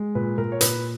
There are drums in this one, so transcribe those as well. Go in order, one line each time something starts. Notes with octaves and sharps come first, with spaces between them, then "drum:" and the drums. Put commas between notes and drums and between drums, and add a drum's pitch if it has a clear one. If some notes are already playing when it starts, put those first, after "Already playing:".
Already playing: G#3
A#2 B4
A#2 A#4
C#5
A#2 B4, drum: hi-hat